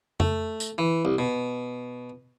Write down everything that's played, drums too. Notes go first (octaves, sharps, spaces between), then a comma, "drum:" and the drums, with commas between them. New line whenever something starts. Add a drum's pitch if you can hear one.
A3, drum: tom F2
drum: tambourine
E3
C2
B2